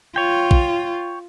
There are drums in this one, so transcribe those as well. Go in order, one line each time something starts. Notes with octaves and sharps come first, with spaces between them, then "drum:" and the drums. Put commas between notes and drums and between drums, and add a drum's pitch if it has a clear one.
F4 C#5 G5
drum: kick